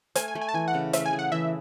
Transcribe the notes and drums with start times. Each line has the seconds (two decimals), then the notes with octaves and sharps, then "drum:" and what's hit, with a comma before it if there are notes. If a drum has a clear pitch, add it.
0.15 A3 G#5, drum: hi-hat
0.28 G#5
0.35 A3
0.41 G#5
0.49 A5
0.54 E3 G#5
0.68 F#5
0.74 C#3
0.93 A3 E5, drum: hi-hat
1.06 G#5
1.13 G#4
1.19 F#5
1.32 E3 E5